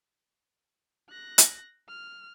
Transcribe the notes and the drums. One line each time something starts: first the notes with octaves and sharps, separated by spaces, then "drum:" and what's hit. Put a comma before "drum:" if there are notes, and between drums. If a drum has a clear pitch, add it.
F#6 A#6
drum: hi-hat
F6